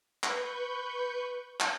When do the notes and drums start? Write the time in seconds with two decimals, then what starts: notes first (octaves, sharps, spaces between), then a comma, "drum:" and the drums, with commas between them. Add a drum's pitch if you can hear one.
0.24 B4 B5 C#6 G6, drum: clap
1.60 drum: clap